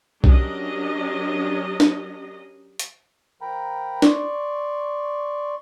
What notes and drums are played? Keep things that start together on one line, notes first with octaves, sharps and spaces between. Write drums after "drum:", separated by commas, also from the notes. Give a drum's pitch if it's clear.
F#3 C#4 D4 G4 A#4 D#5, drum: kick
drum: snare
drum: hi-hat
F3 A#4 G5 A#5 B5
D5 C6 C#6, drum: snare